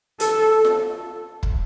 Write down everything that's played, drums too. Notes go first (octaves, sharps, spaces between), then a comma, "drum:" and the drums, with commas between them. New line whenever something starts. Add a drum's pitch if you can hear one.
A4, drum: hi-hat
drum: snare F4
drum: kick